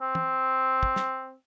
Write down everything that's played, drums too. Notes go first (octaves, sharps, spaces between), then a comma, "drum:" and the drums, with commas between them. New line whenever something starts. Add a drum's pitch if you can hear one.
C4
drum: tom
drum: kick
drum: snare